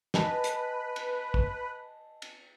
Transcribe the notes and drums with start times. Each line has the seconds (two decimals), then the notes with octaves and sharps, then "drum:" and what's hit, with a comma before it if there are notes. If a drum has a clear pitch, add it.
0.14 B4 D#5 G#5 A5, drum: snare
0.44 drum: hi-hat
0.96 drum: cymbal
1.34 drum: kick
2.22 drum: cymbal